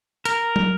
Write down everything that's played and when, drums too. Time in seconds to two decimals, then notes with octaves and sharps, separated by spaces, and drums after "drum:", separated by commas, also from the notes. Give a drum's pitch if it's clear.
0.25 A#4, drum: hi-hat
0.56 drum: tom